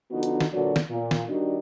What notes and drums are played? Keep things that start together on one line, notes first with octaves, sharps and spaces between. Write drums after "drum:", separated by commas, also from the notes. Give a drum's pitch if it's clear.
D3 F3 B3 D#4 F#4
drum: hi-hat
drum: snare
A#2 D3 F#3 F#4 B4 D5
drum: snare
A#2
drum: snare
D#3 G3 D4 D#4 F#4 D5